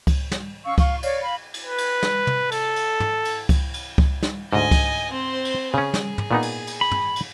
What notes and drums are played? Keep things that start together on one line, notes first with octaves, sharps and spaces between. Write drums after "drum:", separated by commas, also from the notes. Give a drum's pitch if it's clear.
drum: kick C#2, cymbal
drum: snare
C#4 F5 C#6 E6
F5 C#6, drum: kick C#2, cymbal
C#5 D5 F5, drum: cymbal
F5 B5
drum: cymbal
B4
drum: cymbal
drum: snare
drum: tom
A4, drum: cymbal
drum: cymbal
drum: tom
drum: cymbal
drum: kick C#2, cymbal
drum: cymbal
drum: kick C#2
drum: snare
D2 G#2 D#5 G#5
drum: kick C#2, cymbal
C4 C5
drum: cymbal
C#3 C#4 G#4
drum: snare
drum: tom
A#2 B3 D#4
drum: cymbal
drum: cymbal
B5
drum: tom
drum: cymbal